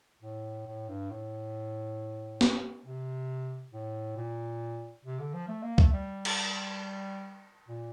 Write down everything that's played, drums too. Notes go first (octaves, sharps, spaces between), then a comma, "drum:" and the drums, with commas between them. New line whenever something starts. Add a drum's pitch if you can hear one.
A2
A2
G2
A2
drum: snare
C3
A2
A#2
C3
D3
F3
A3
A#3
A3, drum: kick C#2
G3
drum: cymbal
A#2